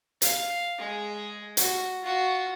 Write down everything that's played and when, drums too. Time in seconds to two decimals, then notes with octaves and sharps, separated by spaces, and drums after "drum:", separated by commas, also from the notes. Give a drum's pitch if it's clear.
0.22 F5, drum: hi-hat
0.78 G#3 G#4
1.57 F#4, drum: hi-hat
2.03 F4 F#4